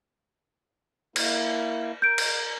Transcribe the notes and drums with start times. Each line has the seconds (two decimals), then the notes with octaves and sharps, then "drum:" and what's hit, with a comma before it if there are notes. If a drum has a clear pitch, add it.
1.16 A#3 E4, drum: cymbal
2.02 A#4 G6 D7
2.18 drum: cymbal